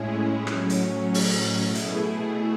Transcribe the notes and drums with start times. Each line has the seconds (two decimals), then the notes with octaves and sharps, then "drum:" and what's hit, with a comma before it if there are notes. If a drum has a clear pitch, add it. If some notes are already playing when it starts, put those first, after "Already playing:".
Already playing: A2 G#3 C#4 E4 G#4
0.47 A2 F#3 C#4, drum: rim click
0.70 drum: hi-hat
1.14 drum: open hi-hat
1.66 B2 A3 E4 G#4
1.75 drum: hi-hat